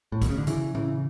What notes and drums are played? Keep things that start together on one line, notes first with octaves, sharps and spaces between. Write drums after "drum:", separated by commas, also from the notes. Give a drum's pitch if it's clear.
A2
B2, drum: kick, hi-hat
C#3
D3
C#3 E3, drum: hi-hat
C#3 E3, drum: tom A2